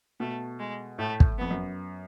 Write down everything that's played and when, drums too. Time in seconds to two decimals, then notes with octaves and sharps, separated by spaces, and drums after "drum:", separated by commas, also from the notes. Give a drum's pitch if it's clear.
0.20 B2 A3
0.59 G#3
0.98 A2 A3
1.20 drum: kick
1.38 F2 B3
1.51 F#2